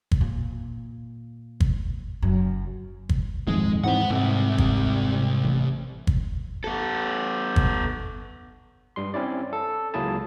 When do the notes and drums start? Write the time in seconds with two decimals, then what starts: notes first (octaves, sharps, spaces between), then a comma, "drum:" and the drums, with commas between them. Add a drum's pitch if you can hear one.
0.11 drum: kick G1
0.21 A#2
1.60 drum: kick G1
2.22 F#1 F#2
3.09 drum: kick G1
3.47 D#1 F2 G#2 G#3
3.84 G#2 E3 C4 B4 F#5
4.10 C2 G#2 C3
4.58 drum: kick G1
5.45 A1
6.07 drum: kick G1
6.64 B3 A4
7.56 drum: kick G1
8.96 G2 G3 C6
9.14 C4 C#4 E4 D5
9.53 A4
9.94 C#2 F#3 A#3 E4 G#4 A5